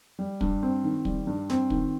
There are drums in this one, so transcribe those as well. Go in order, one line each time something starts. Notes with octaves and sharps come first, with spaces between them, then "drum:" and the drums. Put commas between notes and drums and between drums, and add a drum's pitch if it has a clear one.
G3
G2, drum: kick
C4
D#3
G3, drum: kick
G2
C4, drum: snare
D#3, drum: kick